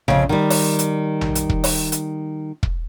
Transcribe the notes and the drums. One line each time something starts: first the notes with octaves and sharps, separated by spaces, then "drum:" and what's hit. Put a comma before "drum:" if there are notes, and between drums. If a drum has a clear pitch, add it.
F2 C#3, drum: tom A#1
D#3 G3
drum: open hi-hat
drum: hi-hat
drum: tom A#1
drum: hi-hat
drum: kick
drum: open hi-hat
drum: hi-hat
drum: kick